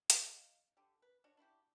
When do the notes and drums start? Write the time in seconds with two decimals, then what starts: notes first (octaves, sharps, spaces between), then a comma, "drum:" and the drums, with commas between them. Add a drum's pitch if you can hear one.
0.10 drum: hi-hat
0.21 D#5 F5
0.77 D3 G4
1.02 B4
1.24 D4 F#4 C#5
1.37 D4 E4 F#4 G4